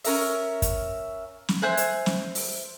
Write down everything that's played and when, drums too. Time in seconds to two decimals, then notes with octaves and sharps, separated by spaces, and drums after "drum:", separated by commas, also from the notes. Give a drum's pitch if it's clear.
0.04 C#4 A#4 E5, drum: open hi-hat
0.62 drum: kick, hi-hat
1.49 drum: snare
1.62 C5 E5 G#5 F#6
1.77 drum: hi-hat
2.06 drum: snare
2.35 drum: open hi-hat